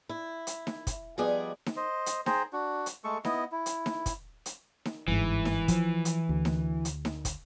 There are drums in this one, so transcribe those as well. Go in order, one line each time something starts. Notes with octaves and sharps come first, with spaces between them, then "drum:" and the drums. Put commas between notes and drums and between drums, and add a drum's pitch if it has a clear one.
E4
drum: hi-hat
drum: snare D#4
drum: kick, hi-hat
F3 G3 B3 G#4 D5 D#5
drum: snare D#4
C5 D#5
drum: hi-hat
G#4 C5 G5 A#5, drum: snare D#4
D4 F#4
drum: hi-hat
G#3 A3 A4 C#6
B3 E4 D#5, drum: snare D#4
E4
drum: hi-hat
drum: snare D#4
drum: kick, hi-hat
drum: hi-hat
drum: snare D#4
G1 G#2 E3
drum: snare D#4
F3, drum: kick, hi-hat
drum: hi-hat
D2
drum: snare D#4
drum: hi-hat
drum: snare D#4
drum: kick, hi-hat